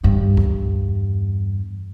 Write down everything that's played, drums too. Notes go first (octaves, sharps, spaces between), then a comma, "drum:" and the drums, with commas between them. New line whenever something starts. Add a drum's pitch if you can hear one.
E2 G2
drum: kick C#2